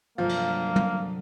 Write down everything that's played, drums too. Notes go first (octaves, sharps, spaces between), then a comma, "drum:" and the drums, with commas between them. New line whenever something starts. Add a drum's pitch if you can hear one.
G1 C3 F3 F#3 A#3 F5
drum: cymbal
drum: tom